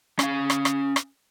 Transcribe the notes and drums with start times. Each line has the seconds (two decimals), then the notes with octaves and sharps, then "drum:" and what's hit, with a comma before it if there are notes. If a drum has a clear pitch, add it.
0.19 C#4 F5, drum: rim click
0.50 drum: rim click
0.65 drum: rim click
0.96 drum: rim click